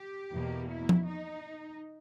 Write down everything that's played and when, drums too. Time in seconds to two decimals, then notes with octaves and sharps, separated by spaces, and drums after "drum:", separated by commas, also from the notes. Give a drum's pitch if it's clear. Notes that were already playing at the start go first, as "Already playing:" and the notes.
Already playing: G4
0.31 E2 B2 A#3
0.69 E4
0.89 drum: tom F3
1.06 D#4